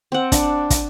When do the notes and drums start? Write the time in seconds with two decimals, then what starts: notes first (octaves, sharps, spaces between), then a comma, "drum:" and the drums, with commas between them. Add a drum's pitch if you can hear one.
0.12 C4 F#5
0.32 D4, drum: kick, hi-hat
0.70 drum: kick, hi-hat